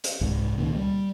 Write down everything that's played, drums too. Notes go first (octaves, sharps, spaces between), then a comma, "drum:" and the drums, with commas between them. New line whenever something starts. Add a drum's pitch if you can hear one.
drum: hi-hat
C2 G#2
C#2 A#2 D#3
G3